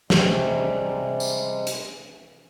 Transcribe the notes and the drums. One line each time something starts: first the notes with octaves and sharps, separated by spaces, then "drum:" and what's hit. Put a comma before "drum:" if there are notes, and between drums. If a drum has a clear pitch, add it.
C3 G3 G#3, drum: snare
drum: tambourine
drum: hi-hat